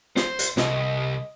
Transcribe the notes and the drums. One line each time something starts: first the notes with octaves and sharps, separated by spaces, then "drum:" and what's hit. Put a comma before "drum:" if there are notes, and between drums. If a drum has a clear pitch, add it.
C5, drum: snare
drum: hi-hat
C2 D#5, drum: snare